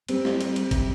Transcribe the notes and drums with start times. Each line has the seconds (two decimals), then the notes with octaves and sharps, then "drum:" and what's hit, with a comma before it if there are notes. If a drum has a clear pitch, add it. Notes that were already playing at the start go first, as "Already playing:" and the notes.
0.08 G3 C4, drum: cymbal
0.25 G3, drum: snare
0.41 G3, drum: cymbal
0.56 G3, drum: cymbal
0.71 C3, drum: kick G1, cymbal